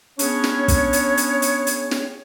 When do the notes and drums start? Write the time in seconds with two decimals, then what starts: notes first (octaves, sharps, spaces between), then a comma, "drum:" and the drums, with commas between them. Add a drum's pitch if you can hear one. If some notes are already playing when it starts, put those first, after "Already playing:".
0.19 B3 C#4 D4 G#4 C#5, drum: hi-hat
0.44 drum: snare
0.68 drum: kick, hi-hat
0.93 drum: hi-hat
1.17 drum: hi-hat
1.42 drum: hi-hat
1.67 drum: hi-hat
1.91 drum: snare